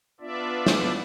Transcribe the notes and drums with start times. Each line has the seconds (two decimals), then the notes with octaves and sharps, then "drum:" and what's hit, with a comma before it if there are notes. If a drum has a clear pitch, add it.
0.20 B3 D4 F4 D5 E5
0.66 drum: snare